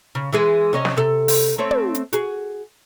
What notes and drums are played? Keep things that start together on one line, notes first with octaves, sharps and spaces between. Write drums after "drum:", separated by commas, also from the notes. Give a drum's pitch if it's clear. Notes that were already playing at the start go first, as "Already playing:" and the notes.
C#3
E3 G#3 G#4
C3 C#4 D#5
drum: snare
C3 A4
drum: open hi-hat
A3 C4 C#5
drum: tom
drum: hi-hat
F#4 G#4, drum: hi-hat